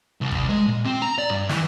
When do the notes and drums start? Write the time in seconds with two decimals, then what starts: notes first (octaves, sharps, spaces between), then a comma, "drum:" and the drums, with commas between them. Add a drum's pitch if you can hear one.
0.21 C2
0.31 drum: kick G#1
0.49 G#3
0.67 A#2
0.84 C4
1.02 A#5
1.18 D5
1.30 G2
1.49 E3, drum: snare